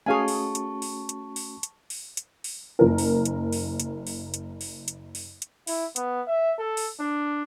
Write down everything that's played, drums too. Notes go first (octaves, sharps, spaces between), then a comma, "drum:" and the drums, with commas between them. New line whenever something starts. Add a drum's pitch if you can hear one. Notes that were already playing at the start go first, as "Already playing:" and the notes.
A3 C#4 F#4 G#4 F5 G#5 A5 C#6
drum: open hi-hat
drum: hi-hat
drum: open hi-hat
drum: hi-hat
drum: open hi-hat
drum: hi-hat
drum: open hi-hat
drum: hi-hat
drum: open hi-hat
F#1 A#4
drum: open hi-hat
drum: hi-hat
drum: open hi-hat
drum: hi-hat
drum: open hi-hat
drum: hi-hat
drum: open hi-hat
drum: hi-hat
drum: open hi-hat
drum: hi-hat
E4, drum: open hi-hat
B3, drum: hi-hat
E5
A4
drum: open hi-hat
D4